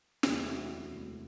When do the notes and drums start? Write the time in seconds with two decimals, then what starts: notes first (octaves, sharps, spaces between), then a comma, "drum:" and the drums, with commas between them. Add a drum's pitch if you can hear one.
0.23 E1 D2 C3 G4, drum: snare
0.40 E4
0.49 F#4
0.58 E4
0.75 F#4
0.91 E1 D2 C3